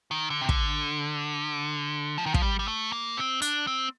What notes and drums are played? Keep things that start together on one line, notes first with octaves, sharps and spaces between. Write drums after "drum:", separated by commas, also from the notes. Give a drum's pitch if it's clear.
D#3
D3
C3
D3, drum: kick
F3
D#3
F3, drum: kick
G3
G3
A3
A#3
C4
D4, drum: hi-hat
C4